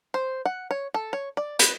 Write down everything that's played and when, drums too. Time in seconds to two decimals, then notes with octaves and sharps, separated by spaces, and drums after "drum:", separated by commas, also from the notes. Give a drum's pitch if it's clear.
0.14 C5
0.45 F#5
0.71 C#5
0.94 A4
1.13 C#5
1.37 D5
1.59 B4, drum: hi-hat